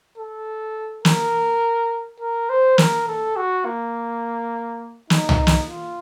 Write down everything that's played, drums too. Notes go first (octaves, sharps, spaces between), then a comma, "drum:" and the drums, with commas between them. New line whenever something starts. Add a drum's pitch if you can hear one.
A4
A#4, drum: snare
A#4
C5
A#4, drum: snare
A4
F#4
A#3
D#4, drum: snare
drum: tom
drum: snare
F4